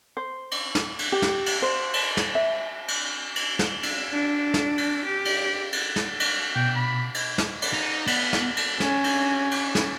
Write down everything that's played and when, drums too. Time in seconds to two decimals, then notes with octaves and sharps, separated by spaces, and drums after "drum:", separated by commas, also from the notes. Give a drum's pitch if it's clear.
0.17 C5
0.51 drum: cymbal
0.75 drum: snare
0.99 drum: cymbal
1.12 G4
1.22 drum: snare
1.46 drum: cymbal
1.62 C5
1.93 drum: cymbal
2.17 drum: snare
2.35 E5
2.88 drum: cymbal
3.36 drum: cymbal
3.59 drum: snare
3.83 drum: cymbal
4.11 D4
4.54 drum: snare
4.78 drum: cymbal
5.05 G4
5.25 drum: cymbal
5.72 drum: cymbal
5.96 drum: snare
6.20 drum: cymbal
6.56 B2 G5
6.76 B5
7.14 drum: cymbal
7.38 drum: snare
7.62 drum: cymbal
7.73 D#4
8.07 B3, drum: cymbal
8.33 drum: snare
8.57 drum: cymbal
8.80 C#4, drum: snare
9.04 drum: cymbal
9.51 drum: cymbal
9.75 drum: snare